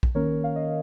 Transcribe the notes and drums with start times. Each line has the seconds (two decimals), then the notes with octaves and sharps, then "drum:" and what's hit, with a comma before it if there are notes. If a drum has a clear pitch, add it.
0.03 drum: kick
0.15 D#3 A#3 C#4 A#4 C#5
0.44 F5
0.56 D#5